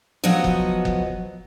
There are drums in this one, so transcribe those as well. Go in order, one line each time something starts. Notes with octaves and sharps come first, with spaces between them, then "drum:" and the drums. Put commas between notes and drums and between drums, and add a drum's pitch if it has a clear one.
F3 F#3 B3 F#4 D#5
drum: kick F#1
drum: kick F#1